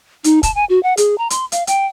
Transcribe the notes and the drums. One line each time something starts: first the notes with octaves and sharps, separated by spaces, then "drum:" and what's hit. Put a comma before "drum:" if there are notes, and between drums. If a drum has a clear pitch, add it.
D#4, drum: hi-hat
A5, drum: kick, hi-hat
G#5
F#4
F#5
G#4, drum: hi-hat
A#5
C6, drum: hi-hat
F5, drum: hi-hat
G5, drum: hi-hat